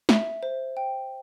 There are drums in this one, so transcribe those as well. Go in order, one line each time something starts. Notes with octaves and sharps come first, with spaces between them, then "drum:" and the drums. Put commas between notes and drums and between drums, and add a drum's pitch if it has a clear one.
E5, drum: snare
C5
G5